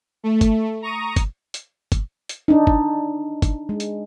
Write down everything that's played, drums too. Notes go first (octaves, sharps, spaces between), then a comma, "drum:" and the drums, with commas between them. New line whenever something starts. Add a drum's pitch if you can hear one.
A3
drum: kick, hi-hat
A#5 C#6 D#6
drum: kick, hi-hat
drum: hi-hat
drum: kick, hi-hat
drum: hi-hat
D4 D#4
drum: kick
drum: kick, hi-hat
G#3
drum: hi-hat